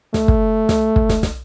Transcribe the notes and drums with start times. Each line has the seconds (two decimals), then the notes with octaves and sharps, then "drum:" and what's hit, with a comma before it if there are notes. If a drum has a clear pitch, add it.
0.14 A3, drum: snare
0.28 drum: kick
0.69 drum: snare
0.96 drum: kick
1.09 drum: snare
1.23 drum: snare